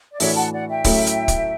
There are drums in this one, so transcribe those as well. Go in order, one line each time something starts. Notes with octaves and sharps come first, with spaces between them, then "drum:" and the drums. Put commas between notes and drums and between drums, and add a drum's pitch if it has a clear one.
D5
A2 E3 A3 D4 F#4 C#5 E5, drum: open hi-hat
F#5 A5
D5 F#5
E5 G5
A2 F#3 A3 C#4 E4, drum: kick, open hi-hat
drum: hi-hat
drum: kick, hi-hat